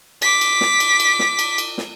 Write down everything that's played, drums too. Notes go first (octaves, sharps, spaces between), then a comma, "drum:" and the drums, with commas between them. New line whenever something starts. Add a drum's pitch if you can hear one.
D6 B6, drum: cymbal
drum: cymbal
drum: snare
drum: cymbal
drum: cymbal
drum: snare
drum: cymbal
drum: cymbal
drum: snare